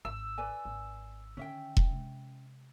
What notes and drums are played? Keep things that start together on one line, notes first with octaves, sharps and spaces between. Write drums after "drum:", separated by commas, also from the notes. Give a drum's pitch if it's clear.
G#1 E6
B4 D5 G#5
G#1
D3 D#3 C#4 E5 G5
drum: kick E1
C3 G#3